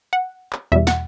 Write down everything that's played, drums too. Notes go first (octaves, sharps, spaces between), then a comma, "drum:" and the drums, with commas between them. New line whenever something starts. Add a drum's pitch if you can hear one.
F#5
drum: clap
E2 B2 G3 E5
F#5, drum: snare